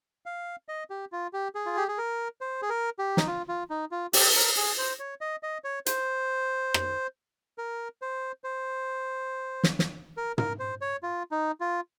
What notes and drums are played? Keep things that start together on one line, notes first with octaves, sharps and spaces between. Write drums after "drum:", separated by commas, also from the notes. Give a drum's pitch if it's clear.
F5
D#5
G4
F4
G4
G#4
F4
G4
G#4
A#4
C5
G#4
A#4
G4
D#4, drum: snare
F4
F4
D#4
F4
G4, drum: open hi-hat
A#4
G#4
C5
C#5
D#5
D#5
C#5
C5, drum: hi-hat
drum: rim click
A#4
C5
C5
drum: snare
drum: snare
A#4
A#4, drum: tom
C5
C#5
F4
D#4
F4